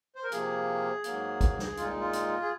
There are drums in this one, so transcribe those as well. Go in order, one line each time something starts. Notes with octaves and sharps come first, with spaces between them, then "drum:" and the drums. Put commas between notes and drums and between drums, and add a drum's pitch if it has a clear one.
C5
A#4
C3 F3 A#3 G#4, drum: hi-hat
G#2 F#3 A#3, drum: hi-hat
drum: kick, hi-hat
drum: snare
A#2 G#3 D#4 F4, drum: hi-hat
F4
drum: hi-hat
G#4